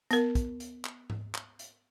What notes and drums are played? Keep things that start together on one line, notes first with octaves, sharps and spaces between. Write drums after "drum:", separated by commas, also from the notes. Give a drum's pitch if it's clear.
B3 A#4, drum: hi-hat
drum: kick, hi-hat
drum: hi-hat
drum: clap
drum: tom G#2
drum: clap
drum: hi-hat